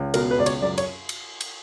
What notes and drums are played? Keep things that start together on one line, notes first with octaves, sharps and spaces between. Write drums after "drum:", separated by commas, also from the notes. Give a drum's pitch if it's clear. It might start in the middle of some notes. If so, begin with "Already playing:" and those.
Already playing: C#2
B2 A#4, drum: cymbal
B4
C#2 D5
C#5, drum: cymbal
F#2 D5
C#5, drum: cymbal
drum: cymbal
drum: cymbal